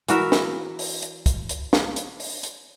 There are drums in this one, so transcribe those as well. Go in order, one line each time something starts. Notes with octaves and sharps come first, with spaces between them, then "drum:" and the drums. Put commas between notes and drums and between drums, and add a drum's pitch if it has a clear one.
E3 F#4 A#4 E5, drum: hi-hat
drum: snare
drum: open hi-hat
drum: hi-hat
drum: kick, hi-hat
drum: hi-hat
drum: snare
drum: hi-hat
drum: open hi-hat
drum: hi-hat